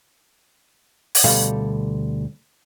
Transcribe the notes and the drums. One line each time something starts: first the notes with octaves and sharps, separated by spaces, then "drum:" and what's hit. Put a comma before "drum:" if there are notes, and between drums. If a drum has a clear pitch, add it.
drum: open hi-hat
D2 B2 G3 A4 D5 F5